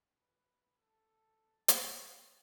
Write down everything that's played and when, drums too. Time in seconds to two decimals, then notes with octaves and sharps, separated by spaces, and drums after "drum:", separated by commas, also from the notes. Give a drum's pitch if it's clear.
0.19 B4
0.77 A4
1.68 G5, drum: hi-hat